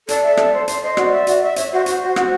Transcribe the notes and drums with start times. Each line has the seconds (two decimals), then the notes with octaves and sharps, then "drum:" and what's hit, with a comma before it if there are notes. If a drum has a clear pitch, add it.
0.08 A4 D5, drum: hi-hat
0.23 E5
0.37 A4, drum: rim click
0.53 C5
0.68 C5, drum: hi-hat
0.82 C5 D#5
0.97 F#4 D5, drum: rim click
1.12 E5
1.27 F#4, drum: hi-hat
1.42 E5
1.56 C#5 E5, drum: hi-hat
1.71 F#4 C5
1.86 F#4 C5, drum: hi-hat
2.02 F#4
2.16 F#4, drum: rim click